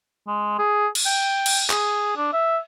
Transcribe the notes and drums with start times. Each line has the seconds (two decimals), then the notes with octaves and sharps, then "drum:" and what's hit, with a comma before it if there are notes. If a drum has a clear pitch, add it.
0.27 G#3
0.59 G#4
0.95 drum: cymbal
1.05 G5
1.46 drum: cymbal
1.70 G#4, drum: clap
2.16 D4
2.33 E5